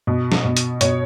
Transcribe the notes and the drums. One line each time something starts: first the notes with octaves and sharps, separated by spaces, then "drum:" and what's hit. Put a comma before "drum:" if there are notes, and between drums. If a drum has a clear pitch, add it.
B2
drum: snare
B2
drum: hi-hat
B2 C#5, drum: hi-hat